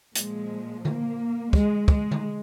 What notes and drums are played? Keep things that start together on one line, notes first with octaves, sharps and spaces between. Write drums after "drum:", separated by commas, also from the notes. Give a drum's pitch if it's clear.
A#2 F3 G#3, drum: hi-hat
A#3, drum: tom D3
G#3, drum: kick
G#3, drum: kick
drum: tom D3